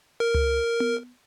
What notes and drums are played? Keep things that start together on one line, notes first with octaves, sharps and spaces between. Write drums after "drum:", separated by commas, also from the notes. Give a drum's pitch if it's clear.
A#4
drum: tom C#2
drum: tom B3